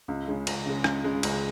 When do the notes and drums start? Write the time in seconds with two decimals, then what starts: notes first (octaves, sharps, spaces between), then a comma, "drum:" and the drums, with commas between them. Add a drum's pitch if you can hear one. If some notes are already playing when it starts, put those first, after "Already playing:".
0.08 C#2
0.28 C#3 G#3
0.47 C#2, drum: cymbal
0.66 C#3 G#3
0.84 C#2, drum: rim click
1.04 C#3 G#3
1.23 C#2, drum: cymbal